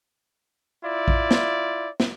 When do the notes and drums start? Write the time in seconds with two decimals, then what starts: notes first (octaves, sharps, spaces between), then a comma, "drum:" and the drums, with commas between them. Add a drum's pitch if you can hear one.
0.85 E4 F4 D5
1.08 drum: kick A#1
1.31 drum: snare
2.00 drum: snare